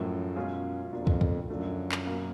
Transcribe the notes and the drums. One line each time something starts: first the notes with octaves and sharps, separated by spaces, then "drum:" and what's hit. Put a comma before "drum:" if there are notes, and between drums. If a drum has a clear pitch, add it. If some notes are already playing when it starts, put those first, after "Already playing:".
Already playing: F#2 A2 F3 A3
B2 G#3 C#4 F4 G#4
E2
F2 B2 F#3 A#3 D4 F4
drum: kick
drum: kick
F2
F#2 D3 F3 A3 D4 F4
drum: clap
B2 F#3 A#3 C#4